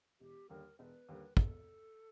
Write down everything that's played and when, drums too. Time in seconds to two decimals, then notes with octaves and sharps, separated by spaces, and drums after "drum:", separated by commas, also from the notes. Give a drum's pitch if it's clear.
0.20 E1 G4
0.49 D#2 D3 G3 A#3 A#4
0.78 E1 B4 C5
1.09 D#2 D3 G3 A#3
1.37 E1 A4, drum: kick